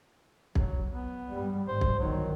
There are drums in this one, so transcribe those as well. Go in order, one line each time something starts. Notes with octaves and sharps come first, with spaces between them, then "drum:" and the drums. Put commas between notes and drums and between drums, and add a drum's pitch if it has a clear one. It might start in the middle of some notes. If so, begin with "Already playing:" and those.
F#3, drum: kick
B3
G2 G3
G#1 C5
drum: kick
G1 D#3 F#3